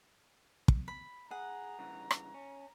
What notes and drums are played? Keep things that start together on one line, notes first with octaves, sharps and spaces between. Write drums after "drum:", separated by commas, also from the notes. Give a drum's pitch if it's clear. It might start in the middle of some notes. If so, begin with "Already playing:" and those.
drum: kick
B5
G#4 F#5 A#5
G2 C#3 E3
drum: rim click
C#4